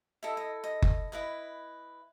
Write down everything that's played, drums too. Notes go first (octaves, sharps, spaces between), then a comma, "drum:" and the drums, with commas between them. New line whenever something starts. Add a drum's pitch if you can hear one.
E4 A4 D#5 E5
D#5
D#5
drum: kick F#1
E4 B4 D#5